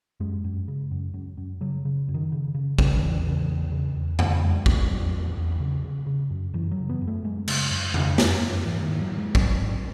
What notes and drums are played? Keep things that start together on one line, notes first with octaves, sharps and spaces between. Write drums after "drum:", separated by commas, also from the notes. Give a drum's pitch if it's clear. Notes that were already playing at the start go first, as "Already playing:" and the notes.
F#2 G#3
F#2
C#3
F#2
F#2
F#2
C#3 F#3
C#3
F#2
D#3
C#3
C#3
C#3, drum: kick
D#3
E2 E3
C#3
E2
C#3
E2
C#3, drum: tom F2
E2 G#3
E2 A3, drum: kick
E2 F#3
E2
E2
C#3
C#3
C#3
F#2
F#2 E3
F#3
C#3
B3
F#2
A3
F#2 G#3
C#3, drum: cymbal
F#2
C#3, drum: tom F2
F#2, drum: snare
F#2
G#2 E3
D#3
G#2
F#3
G#2
G#3
G#2 F#3, drum: kick
G#2